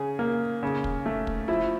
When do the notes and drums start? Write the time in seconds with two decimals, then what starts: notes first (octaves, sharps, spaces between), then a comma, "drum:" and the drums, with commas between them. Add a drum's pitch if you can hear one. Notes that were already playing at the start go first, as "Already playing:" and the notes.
Already playing: C#3 G#4
0.19 A#3
0.63 C#3
0.84 drum: kick
1.06 A3
1.27 drum: kick
1.48 F3 E4